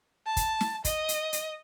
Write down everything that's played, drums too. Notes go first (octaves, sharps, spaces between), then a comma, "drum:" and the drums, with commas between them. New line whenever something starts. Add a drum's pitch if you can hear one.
A5
drum: kick, hi-hat
drum: snare
D#5, drum: kick, hi-hat
drum: hi-hat
drum: hi-hat